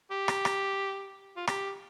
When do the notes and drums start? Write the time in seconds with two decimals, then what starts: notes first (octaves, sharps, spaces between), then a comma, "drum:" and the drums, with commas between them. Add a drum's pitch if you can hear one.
0.11 G4
0.28 drum: rim click
0.45 drum: rim click
1.36 F4
1.47 G4, drum: rim click